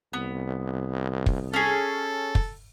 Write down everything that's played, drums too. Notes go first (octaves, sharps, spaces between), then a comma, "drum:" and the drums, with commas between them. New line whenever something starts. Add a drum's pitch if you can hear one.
C2 B3
drum: kick
C#4 G#4 A4
drum: kick